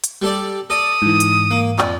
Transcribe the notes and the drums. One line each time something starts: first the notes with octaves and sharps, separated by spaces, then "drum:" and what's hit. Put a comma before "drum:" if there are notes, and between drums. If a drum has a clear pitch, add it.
drum: hi-hat
G3 A4 D5
A4 D5 D#6
G#2 E3
drum: hi-hat
A#3
F2 D5, drum: clap